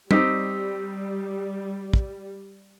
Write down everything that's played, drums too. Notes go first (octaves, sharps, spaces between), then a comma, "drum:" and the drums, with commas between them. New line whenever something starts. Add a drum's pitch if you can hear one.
G3 C4 D#4 G4 E6 B6, drum: tom
drum: kick